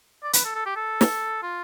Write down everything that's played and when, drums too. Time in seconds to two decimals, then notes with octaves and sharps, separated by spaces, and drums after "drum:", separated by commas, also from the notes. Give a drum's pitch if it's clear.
0.23 D5
0.33 B4, drum: hi-hat
0.44 A4
0.55 A4
0.66 G4
0.76 A4
1.01 drum: snare
1.42 F4